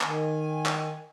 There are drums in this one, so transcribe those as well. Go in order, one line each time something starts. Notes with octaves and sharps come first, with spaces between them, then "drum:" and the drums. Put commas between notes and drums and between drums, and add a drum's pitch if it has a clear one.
D#3 G#5, drum: clap
drum: clap